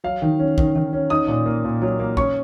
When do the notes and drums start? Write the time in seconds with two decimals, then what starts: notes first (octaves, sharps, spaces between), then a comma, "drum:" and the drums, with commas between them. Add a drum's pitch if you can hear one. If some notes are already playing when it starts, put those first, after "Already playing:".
0.04 F#3 F5
0.22 D#3
0.39 C#4
0.58 D#3, drum: kick A#1
0.76 D#3
0.93 C#4
1.10 D#4 D#6
1.28 A#2
1.46 A#3
1.64 A#2
1.82 F#3
1.99 A#3
2.17 C#4 C#6, drum: kick A#1